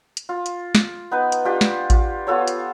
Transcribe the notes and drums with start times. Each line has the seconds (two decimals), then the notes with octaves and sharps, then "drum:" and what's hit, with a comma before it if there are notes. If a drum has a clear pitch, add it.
0.17 drum: hi-hat
0.29 F4
0.46 drum: hi-hat
0.75 drum: snare
1.11 B3 D#4 B4
1.32 drum: hi-hat
1.45 D4 F4 G4
1.61 drum: snare
1.90 F4, drum: kick A1, hi-hat
2.27 B3 F4 A4 C#5
2.48 drum: hi-hat